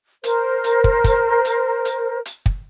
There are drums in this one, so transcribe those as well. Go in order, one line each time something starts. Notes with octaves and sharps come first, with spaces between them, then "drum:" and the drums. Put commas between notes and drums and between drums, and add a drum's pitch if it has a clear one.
A#4 C5, drum: hi-hat
drum: hi-hat
drum: kick
drum: kick, hi-hat
drum: hi-hat
drum: hi-hat
drum: hi-hat
drum: kick